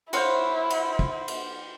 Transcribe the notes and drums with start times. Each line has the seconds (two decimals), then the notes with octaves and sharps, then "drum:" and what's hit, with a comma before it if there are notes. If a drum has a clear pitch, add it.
0.13 E4 F#4 C5 C#5 F5 C6, drum: cymbal
0.70 drum: cymbal
0.99 drum: kick
1.28 drum: cymbal